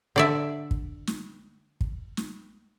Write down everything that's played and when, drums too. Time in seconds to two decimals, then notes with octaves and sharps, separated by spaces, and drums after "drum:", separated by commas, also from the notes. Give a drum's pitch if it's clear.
0.16 D3 D5 E5
0.71 drum: kick
1.07 drum: snare
1.81 drum: kick
2.17 drum: snare